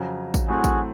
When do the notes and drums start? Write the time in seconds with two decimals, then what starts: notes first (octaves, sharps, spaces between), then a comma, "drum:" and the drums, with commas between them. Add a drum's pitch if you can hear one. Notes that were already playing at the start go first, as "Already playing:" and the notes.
Already playing: F2 C#3 F#3
0.34 drum: kick, tambourine
0.48 A2 F#3 A3 C4 F#4 G#4
0.64 drum: kick, tambourine